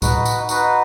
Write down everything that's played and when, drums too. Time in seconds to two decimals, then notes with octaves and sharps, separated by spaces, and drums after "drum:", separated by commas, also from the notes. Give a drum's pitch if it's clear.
0.02 D#4 F#4 B4, drum: kick C#2, tambourine
0.25 drum: tambourine
0.49 D#4 F#4 B4, drum: tambourine